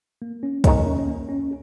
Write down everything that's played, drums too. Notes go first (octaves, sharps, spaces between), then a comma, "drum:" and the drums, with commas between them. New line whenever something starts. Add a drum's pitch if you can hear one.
A#3
C#4
D#3 G#3 A#3 D#4 A#4 C#5, drum: kick, hi-hat
C#4
C#4
A#3
C#4